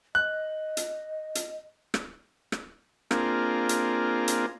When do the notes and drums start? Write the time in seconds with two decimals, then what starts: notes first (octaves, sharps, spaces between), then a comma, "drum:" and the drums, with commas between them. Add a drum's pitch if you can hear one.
0.15 D#5 F#6
0.77 drum: hi-hat
1.35 drum: hi-hat
1.94 drum: rim click
2.52 drum: rim click
3.11 A#3 C4 D4 F4 G#4 A#4, drum: rim click
3.69 drum: hi-hat
4.28 drum: hi-hat